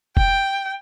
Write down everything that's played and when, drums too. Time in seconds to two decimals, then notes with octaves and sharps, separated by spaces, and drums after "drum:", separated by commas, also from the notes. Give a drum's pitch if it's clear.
0.17 G5, drum: kick